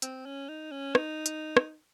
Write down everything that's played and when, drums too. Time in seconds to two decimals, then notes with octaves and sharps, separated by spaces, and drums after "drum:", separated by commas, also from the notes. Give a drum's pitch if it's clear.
0.02 C4, drum: hi-hat
0.26 C#4
0.49 D#4
0.72 C#4
0.95 D#4, drum: rim click
1.26 drum: hi-hat
1.57 drum: rim click